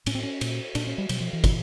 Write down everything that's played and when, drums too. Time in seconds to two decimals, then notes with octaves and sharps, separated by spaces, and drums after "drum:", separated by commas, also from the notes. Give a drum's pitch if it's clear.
0.06 A2 C#4, drum: cymbal
0.15 C4
0.23 C#4
0.41 A#2, drum: cymbal
0.75 A#2 D4, drum: cymbal
0.87 C#4
0.98 G3
1.09 B2 F#3, drum: cymbal
1.20 F3
1.33 E3
1.44 A#2, drum: kick, cymbal